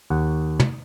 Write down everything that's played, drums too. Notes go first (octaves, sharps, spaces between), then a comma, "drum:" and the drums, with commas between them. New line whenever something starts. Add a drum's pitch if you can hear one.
D#2 F#5
drum: tom